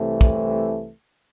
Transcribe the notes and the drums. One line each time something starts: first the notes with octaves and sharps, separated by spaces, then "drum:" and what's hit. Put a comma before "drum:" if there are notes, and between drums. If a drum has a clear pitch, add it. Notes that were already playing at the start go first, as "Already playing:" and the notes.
Already playing: C2 C3 E3 A3
drum: kick